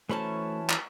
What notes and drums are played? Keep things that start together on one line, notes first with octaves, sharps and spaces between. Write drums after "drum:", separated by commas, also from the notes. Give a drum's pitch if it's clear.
E3 F#3 A3 C#4 C5 A5 B5 C#6
drum: clap